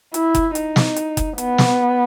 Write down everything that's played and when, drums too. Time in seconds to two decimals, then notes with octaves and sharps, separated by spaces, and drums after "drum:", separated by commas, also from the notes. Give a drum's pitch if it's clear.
0.14 E4, drum: hi-hat
0.35 drum: kick F#1, hi-hat
0.55 D#4, drum: hi-hat
0.76 drum: snare
0.96 drum: hi-hat
1.17 drum: kick F#1, hi-hat
1.38 B3, drum: hi-hat
1.58 drum: snare